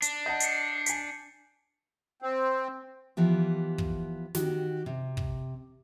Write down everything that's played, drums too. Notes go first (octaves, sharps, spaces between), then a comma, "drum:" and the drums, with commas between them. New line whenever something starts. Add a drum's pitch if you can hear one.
D4, drum: hi-hat
D#5 F#5 A5 G6
C7 C#7, drum: hi-hat
G#5 B6, drum: hi-hat
C4
E3 F3 B3 G4
drum: kick
D#3 F#4 G4, drum: snare
C3
drum: kick